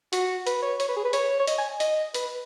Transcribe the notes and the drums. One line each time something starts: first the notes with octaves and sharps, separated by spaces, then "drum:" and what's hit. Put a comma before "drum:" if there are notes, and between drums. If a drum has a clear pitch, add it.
F#4, drum: hi-hat
B4, drum: hi-hat
C#5
C#5, drum: hi-hat
B4
G#4
B4
C#5, drum: hi-hat
C#5
D#5, drum: hi-hat
G#5
D#5, drum: hi-hat
B4, drum: hi-hat